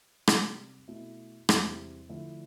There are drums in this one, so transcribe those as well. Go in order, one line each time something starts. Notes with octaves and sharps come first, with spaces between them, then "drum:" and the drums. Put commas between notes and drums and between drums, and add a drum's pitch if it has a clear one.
C3 G3 D4, drum: rim click
B2 A3 E4
E2 C3 G3 C4 E4, drum: rim click
D3 F3 A3 E4